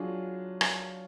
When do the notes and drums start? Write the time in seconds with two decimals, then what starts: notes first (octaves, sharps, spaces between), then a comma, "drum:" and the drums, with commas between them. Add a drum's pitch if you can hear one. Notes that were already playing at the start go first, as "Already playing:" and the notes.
Already playing: F#3 D4 F4 G#4
0.61 drum: rim click